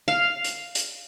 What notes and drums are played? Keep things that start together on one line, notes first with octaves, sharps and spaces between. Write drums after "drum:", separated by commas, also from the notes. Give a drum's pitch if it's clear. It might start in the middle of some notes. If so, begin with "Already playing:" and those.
F5
drum: hi-hat
drum: hi-hat